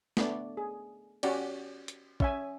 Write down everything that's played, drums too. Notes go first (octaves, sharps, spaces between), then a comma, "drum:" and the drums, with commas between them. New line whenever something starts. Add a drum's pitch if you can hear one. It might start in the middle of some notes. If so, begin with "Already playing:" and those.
A3 B3 D4 D5, drum: snare
G#4
C#4 F#4 G4 D5, drum: cymbal
drum: hi-hat
C#4 E5 G#5, drum: kick